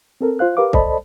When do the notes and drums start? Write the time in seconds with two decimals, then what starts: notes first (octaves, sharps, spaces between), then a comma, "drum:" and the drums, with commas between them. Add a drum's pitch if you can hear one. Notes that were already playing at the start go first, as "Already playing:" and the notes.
0.21 C4 A4 A#4
0.39 F4 C5 F5 F#6
0.57 G4 A#4 B4 F5 D6
0.73 A4 C5 D5 D#5 A5 B5, drum: kick C2